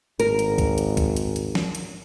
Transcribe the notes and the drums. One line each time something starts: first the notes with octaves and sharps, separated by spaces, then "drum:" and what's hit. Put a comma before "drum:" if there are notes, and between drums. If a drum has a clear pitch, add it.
G#1 A#4, drum: hi-hat
drum: hi-hat
drum: kick, hi-hat
drum: hi-hat
drum: kick, hi-hat
drum: hi-hat
drum: hi-hat
drum: snare
drum: hi-hat